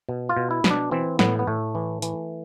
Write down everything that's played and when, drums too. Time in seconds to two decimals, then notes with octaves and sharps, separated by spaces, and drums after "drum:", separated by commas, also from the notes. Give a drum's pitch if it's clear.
0.09 B2
0.29 F4
0.37 B2
0.51 E4
0.64 B2, drum: snare
0.71 D4
0.91 E3 C4
1.19 A2 B3, drum: snare
1.39 B3
1.47 A2 A3
1.75 E3
2.02 E3, drum: hi-hat